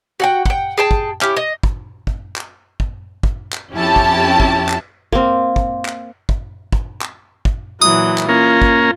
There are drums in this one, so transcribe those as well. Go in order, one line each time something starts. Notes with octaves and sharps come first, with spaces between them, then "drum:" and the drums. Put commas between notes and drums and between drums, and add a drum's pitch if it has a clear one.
F#4 F#5 G5
F#5 G5, drum: kick
G#4 G5 A5
drum: kick
C#4 E4 G4, drum: clap
D#5
drum: kick
drum: kick
drum: clap
drum: kick
drum: kick
drum: clap
F2 C#4 E4 G4 A5
drum: kick
drum: kick
drum: clap
A#3 C4, drum: kick
drum: kick
drum: clap
drum: kick
drum: kick
drum: clap
drum: kick
A#2 E3 F#3 D#6
drum: clap
A#3 C#4 F4 A#4
drum: kick